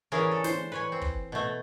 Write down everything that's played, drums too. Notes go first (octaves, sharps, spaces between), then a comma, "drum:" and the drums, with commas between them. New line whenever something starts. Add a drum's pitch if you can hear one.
D3 E3 C#4 D4 G#4 A#4
A4
C5, drum: snare
B4 C#5 G#5
C4
drum: kick
B2 A3